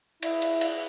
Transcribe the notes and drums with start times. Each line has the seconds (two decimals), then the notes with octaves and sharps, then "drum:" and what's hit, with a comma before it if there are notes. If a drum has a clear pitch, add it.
0.22 E4, drum: cymbal
0.42 drum: cymbal
0.61 drum: cymbal